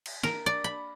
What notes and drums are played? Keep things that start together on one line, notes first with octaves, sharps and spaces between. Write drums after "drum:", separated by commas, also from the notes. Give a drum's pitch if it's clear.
drum: cymbal
A#4, drum: snare
D5
B5